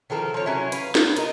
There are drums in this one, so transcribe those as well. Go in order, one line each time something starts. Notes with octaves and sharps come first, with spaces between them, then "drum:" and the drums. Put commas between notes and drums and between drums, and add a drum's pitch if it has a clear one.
D#3 F3 A4 A#4
F3 C#5
F#3 C#4 E4
B4 F5, drum: hi-hat
drum: snare
A#4 D#5, drum: hi-hat